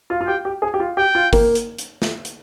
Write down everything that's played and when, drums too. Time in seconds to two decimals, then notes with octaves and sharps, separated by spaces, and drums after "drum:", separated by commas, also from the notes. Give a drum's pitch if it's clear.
0.10 F4
0.21 F4
0.27 G4 G5
0.45 G4
0.62 G#4
0.74 G4
0.80 F4
0.97 G4 G5
1.15 F4
1.33 A#3, drum: kick, open hi-hat
1.55 drum: hi-hat
1.79 drum: hi-hat
2.02 drum: snare
2.25 drum: hi-hat